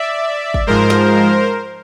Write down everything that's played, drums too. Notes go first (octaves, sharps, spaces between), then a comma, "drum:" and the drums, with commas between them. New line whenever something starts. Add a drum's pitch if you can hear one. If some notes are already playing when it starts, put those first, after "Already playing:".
Already playing: D5 E5
drum: kick
G#2 F3 G#3 A#4 C5
drum: snare